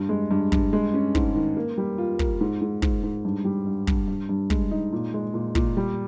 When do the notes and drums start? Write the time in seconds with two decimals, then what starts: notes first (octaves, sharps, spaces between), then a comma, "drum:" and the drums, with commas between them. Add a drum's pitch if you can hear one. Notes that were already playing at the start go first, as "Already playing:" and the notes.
Already playing: G2
0.09 G#3
0.31 G2
0.52 G2, drum: kick
0.73 G#3
0.94 C#4
1.15 G#2, drum: kick
1.35 D#3
1.57 A#3
1.78 G3
1.98 F4
2.19 A#4, drum: kick
2.41 G#2
2.61 G#2
2.82 G#2, drum: kick
3.03 G#2
3.25 G2
3.45 G3
3.67 G2
3.87 G2, drum: kick
4.08 G2
4.29 G2
4.50 G#3, drum: kick
4.71 D#4
4.93 A#2
5.14 G#3
5.34 A#2
5.55 A#2, drum: kick
5.77 G3